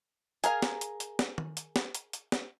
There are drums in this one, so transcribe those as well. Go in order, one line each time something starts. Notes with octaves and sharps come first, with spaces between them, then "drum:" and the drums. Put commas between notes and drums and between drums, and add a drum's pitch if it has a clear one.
G#4 A#4 F5 G#5, drum: hi-hat
drum: snare
drum: hi-hat
drum: hi-hat
drum: snare
drum: tom D#3
drum: hi-hat
drum: snare
drum: hi-hat
drum: hi-hat
drum: snare